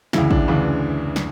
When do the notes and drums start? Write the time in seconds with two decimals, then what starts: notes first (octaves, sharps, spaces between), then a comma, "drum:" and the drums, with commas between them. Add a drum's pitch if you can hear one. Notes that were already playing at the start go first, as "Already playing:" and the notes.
0.13 D2 C#3 E3 E4, drum: snare
0.31 D4, drum: kick
0.48 D2 C#3 E3 D4
1.16 drum: snare